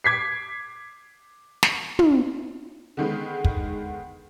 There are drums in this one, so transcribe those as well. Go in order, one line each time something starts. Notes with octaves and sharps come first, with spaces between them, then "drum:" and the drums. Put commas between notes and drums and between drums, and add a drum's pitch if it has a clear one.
D6 G#6 B6 C7
drum: snare
drum: tom
D3 D#3 G#3 B3
drum: kick